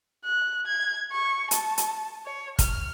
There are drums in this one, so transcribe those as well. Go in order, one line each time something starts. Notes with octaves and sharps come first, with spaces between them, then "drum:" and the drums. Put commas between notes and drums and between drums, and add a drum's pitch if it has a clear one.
F#6
G#6
C#6
A5, drum: hi-hat
drum: hi-hat
C#5
F6, drum: kick, hi-hat